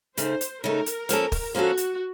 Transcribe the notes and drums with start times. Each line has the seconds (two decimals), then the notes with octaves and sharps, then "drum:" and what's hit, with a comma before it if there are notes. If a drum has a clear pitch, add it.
0.17 C#3 A3 D#4 C5, drum: hi-hat
0.41 drum: hi-hat
0.64 C#3 A3 D#4 A#4
0.86 drum: hi-hat
1.09 F3 A#3 C#4 A4, drum: hi-hat
1.32 drum: kick, open hi-hat
1.55 F3 A#3 C#4 F#4 A4
1.77 drum: hi-hat